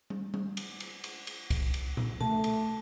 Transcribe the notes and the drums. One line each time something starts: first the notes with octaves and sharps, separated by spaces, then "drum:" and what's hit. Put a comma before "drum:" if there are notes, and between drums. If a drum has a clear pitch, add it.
drum: tom G3
drum: tom G3
drum: cymbal
drum: cymbal
drum: cymbal
drum: cymbal
drum: kick C2, cymbal
drum: cymbal
drum: tom A#2
A3 A5, drum: tom B2
drum: cymbal